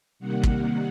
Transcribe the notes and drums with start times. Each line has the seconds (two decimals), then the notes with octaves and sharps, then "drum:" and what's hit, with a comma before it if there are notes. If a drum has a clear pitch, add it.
0.19 C3 D#3 G3 A#3 F#5
0.43 drum: kick